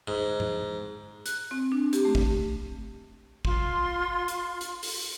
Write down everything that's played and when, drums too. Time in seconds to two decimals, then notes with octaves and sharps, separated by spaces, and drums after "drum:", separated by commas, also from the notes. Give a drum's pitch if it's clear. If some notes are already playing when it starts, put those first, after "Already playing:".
0.08 G#2
0.40 drum: tom G#2
1.26 F#6, drum: hi-hat
1.51 C4
1.72 D4
1.93 G4, drum: hi-hat
2.05 A3
2.15 drum: kick
3.45 F4 C6, drum: kick
4.28 drum: hi-hat
4.61 drum: hi-hat
4.83 drum: open hi-hat